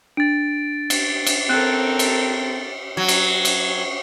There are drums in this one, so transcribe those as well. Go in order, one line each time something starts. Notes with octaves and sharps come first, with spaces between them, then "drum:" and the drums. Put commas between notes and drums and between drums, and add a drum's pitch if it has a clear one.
D4 A6 D7
drum: cymbal
drum: cymbal
C4 A4 A#4 F#6
drum: cymbal
F#3
drum: cymbal
drum: cymbal